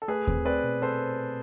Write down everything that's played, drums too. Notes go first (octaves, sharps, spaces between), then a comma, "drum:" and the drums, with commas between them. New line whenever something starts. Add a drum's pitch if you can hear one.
A4
A3 G#4 B4
C4, drum: kick D#2
C4 B4 D5
B2
C4 A4 C5